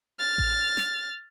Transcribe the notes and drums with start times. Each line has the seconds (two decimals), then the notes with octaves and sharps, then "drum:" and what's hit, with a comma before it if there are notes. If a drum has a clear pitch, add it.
0.19 F6 A6
0.38 drum: kick A1
0.77 drum: snare